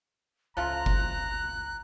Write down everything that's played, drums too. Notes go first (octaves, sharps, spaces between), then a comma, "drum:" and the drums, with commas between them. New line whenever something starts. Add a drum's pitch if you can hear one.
C#2 F3 A3 F4 A#5 F#6
drum: kick F#1